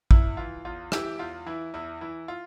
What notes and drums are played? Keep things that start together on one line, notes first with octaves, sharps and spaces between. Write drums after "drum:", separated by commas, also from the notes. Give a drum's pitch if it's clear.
E2 E4, drum: kick
E3 F4
E2 F4
E3 E4 G4, drum: rim click
E2 F4
E3 E4
E2 E4
E3 E4
F4